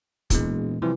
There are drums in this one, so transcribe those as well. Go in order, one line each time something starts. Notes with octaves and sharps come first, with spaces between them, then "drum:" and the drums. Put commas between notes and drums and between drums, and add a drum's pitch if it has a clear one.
E1 A#2 E3 G#3, drum: kick, hi-hat
C3 E3 F3 G3